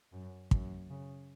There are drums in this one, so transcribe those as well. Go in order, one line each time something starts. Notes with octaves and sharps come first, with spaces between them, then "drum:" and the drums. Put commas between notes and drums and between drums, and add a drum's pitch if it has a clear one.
F#2
F#2, drum: kick
C#3